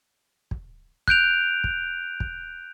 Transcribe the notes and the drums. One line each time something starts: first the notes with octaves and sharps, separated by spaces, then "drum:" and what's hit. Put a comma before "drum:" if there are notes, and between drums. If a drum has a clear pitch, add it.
drum: kick
F#6 G6 D7 F7, drum: kick
drum: kick
drum: kick